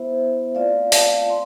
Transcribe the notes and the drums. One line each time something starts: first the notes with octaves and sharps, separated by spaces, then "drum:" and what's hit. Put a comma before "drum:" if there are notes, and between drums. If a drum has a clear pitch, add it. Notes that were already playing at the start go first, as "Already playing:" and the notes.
Already playing: B3 E4 C5 E5
A3 C4 F4 D5 F5
F5 A5, drum: open hi-hat
C6